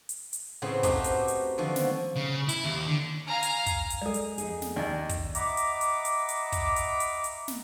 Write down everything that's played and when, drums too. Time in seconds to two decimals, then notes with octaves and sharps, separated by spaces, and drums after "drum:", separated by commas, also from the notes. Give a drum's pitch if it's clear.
0.09 drum: hi-hat
0.33 drum: hi-hat
0.62 A2 C#3 B3 C4
0.83 A3 B3 C4 D#4 F#4 G4, drum: kick, hi-hat
1.04 drum: hi-hat
1.28 drum: hi-hat
1.58 D3 D#3 F3 F#4
1.76 drum: snare
2.16 C#3
2.49 E4, drum: hi-hat
2.64 D#2
2.87 D3
3.27 F5 G#5 A#5 F6
3.43 drum: hi-hat
3.66 drum: kick, hi-hat
3.90 drum: hi-hat
4.02 G#3 A4 D5 G#5
4.14 drum: hi-hat
4.38 F2 D#4 G#4, drum: hi-hat
4.62 drum: snare
4.76 D#2 D5 D#5
5.09 drum: kick, hi-hat
5.35 D#5 E5 F#5 A#5 B5 D6, drum: hi-hat
5.57 drum: hi-hat
5.81 drum: hi-hat
6.05 drum: hi-hat
6.29 drum: hi-hat
6.52 drum: kick, hi-hat
6.76 drum: hi-hat
7.00 drum: hi-hat
7.24 drum: hi-hat
7.48 drum: snare